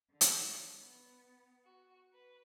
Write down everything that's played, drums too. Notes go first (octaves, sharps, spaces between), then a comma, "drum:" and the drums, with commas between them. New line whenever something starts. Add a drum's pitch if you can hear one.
D3
drum: hi-hat
B3
F#4
B4